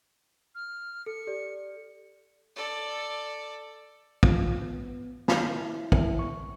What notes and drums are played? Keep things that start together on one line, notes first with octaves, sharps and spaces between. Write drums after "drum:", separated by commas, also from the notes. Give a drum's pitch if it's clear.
F6
A4 C#7
G4 A4 D5
A4 D5
F4, drum: kick
B3
D#3, drum: snare
E4
E4, drum: kick
C#6